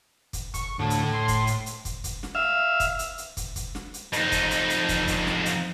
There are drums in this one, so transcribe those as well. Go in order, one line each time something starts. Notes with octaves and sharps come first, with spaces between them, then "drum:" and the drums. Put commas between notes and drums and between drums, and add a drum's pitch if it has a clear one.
drum: kick, hi-hat
C#6, drum: kick, hi-hat
D2 A2 A4
drum: hi-hat
C6
drum: kick, hi-hat
drum: hi-hat
drum: hi-hat
drum: kick, hi-hat
drum: kick, hi-hat
drum: snare
E5 F5
drum: kick, hi-hat
drum: hi-hat
drum: hi-hat
drum: kick, hi-hat
drum: kick, hi-hat
drum: snare
drum: hi-hat
F2 D#4, drum: hi-hat
drum: kick, hi-hat
drum: hi-hat
drum: hi-hat
drum: kick, hi-hat
drum: kick, hi-hat
drum: snare
drum: hi-hat